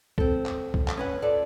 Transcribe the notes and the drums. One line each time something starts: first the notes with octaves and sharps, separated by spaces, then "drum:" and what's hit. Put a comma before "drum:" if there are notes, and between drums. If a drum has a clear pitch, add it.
C4 A4, drum: kick C2
drum: clap
drum: kick C2
drum: clap
C#4 B4 F#5
F4 A4 D5